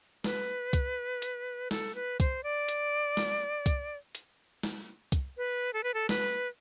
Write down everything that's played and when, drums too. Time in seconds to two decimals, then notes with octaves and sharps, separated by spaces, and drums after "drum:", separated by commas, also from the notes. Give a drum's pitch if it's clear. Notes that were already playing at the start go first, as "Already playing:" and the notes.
0.24 B4, drum: snare
0.73 drum: kick C2, hi-hat
1.22 drum: hi-hat
1.71 A4, drum: snare
1.95 B4
2.20 C5, drum: kick C2, hi-hat
2.43 D5
2.68 drum: hi-hat
3.17 drum: snare
3.66 drum: kick C2, hi-hat
4.15 drum: hi-hat
4.63 drum: snare
5.12 drum: kick C2, hi-hat
5.37 B4
5.73 A4
5.84 B4
5.94 A4
6.09 B4, drum: snare